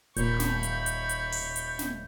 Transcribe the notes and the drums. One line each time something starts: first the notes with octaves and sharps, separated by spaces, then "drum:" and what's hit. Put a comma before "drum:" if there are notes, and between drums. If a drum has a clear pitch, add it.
D#1 A#2 C#5 B5 G6, drum: hi-hat
drum: snare
drum: hi-hat
drum: hi-hat
drum: hi-hat
drum: open hi-hat
drum: hi-hat
drum: snare